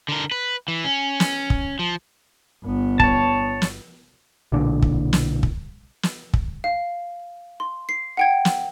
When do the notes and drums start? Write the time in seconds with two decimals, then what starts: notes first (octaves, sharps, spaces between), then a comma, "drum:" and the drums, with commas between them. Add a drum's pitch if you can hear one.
0.09 D3 A#4
0.31 B4
0.68 E3
0.85 C#4
1.20 drum: snare
1.50 drum: kick
1.79 F3
2.64 G1 B3
3.00 C#5 A5, drum: kick
3.62 drum: snare
4.52 B1 A#2 D3
4.82 drum: kick
5.13 drum: snare
5.43 drum: kick
6.03 drum: snare
6.34 drum: kick
6.64 F5
7.60 C6
7.89 C7
8.17 F#5 G5 G#6
8.45 drum: snare